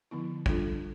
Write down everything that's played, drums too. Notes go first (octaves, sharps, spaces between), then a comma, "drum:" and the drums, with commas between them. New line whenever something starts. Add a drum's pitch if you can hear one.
D3 F3 B3 E4
G3 D4 F4 A4, drum: kick